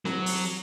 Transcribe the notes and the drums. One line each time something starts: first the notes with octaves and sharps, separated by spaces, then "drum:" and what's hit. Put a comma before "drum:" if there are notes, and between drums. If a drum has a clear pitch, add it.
F#3, drum: snare C4
drum: open hi-hat